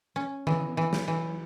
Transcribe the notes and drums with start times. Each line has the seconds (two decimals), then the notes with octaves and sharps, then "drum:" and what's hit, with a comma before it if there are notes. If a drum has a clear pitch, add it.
0.16 C#4
0.47 E3, drum: tom D3
0.77 E3
0.93 drum: snare
1.08 E3